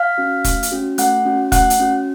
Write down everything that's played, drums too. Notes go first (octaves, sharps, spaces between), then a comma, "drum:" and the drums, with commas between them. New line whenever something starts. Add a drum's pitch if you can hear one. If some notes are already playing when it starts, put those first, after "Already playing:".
Already playing: F5 F6
C#4 F#4
A3, drum: kick E1, hi-hat
drum: hi-hat
C#4 F#4
A3 F#5 F#6, drum: hi-hat
C#4 F#4
A3 F#5 F#6, drum: kick E1, hi-hat
drum: hi-hat
C#4 F#4